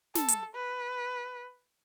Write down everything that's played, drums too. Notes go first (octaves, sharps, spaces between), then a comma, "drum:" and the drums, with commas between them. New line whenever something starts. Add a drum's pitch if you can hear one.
A4, drum: snare
drum: hi-hat
B4